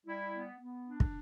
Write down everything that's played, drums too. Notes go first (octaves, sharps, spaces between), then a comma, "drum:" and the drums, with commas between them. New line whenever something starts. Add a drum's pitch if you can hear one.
G3 E4
B3
B3
D4
drum: kick